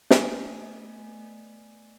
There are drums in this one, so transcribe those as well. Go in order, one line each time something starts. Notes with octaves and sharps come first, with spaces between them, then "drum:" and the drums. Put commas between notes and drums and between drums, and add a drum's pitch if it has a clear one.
A3 B3 D5 D#5 G#5, drum: snare